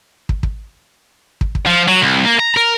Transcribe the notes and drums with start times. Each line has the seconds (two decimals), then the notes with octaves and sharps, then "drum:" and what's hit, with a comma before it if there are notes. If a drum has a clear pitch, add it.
0.29 drum: kick
0.43 drum: kick
1.41 drum: kick
1.55 drum: kick
1.66 F3
1.88 F#3
2.02 C2
2.25 A#3
2.39 A#5
2.57 A#4